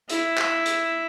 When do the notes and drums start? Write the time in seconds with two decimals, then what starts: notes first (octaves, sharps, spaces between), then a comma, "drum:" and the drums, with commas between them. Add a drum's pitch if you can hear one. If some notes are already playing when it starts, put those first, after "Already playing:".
0.09 E4, drum: hi-hat
0.37 drum: clap
0.66 drum: hi-hat